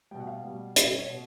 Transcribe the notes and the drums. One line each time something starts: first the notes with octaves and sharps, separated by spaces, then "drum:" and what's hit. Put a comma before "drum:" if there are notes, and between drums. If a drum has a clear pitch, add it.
B2 G3 G5
F#5
F5
B2 G3
B2 G3 E5, drum: hi-hat
D#5
C#5
B2